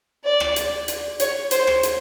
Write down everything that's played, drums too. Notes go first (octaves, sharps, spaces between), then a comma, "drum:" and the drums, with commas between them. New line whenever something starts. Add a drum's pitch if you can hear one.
D5
drum: rim click
drum: hi-hat
drum: hi-hat
C#5, drum: hi-hat
C5, drum: hi-hat
drum: rim click
drum: hi-hat